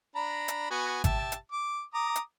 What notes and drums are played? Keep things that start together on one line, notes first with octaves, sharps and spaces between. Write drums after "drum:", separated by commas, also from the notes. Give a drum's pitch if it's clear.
D4 A#5 B5
drum: hi-hat
B3 F#4 G#5
G4 E5 A5, drum: kick G#1, hi-hat
drum: hi-hat
D6
A#5 D6 D#6
drum: hi-hat